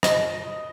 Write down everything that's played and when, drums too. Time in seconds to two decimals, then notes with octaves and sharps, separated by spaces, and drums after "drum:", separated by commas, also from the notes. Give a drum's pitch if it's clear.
0.03 D#5, drum: rim click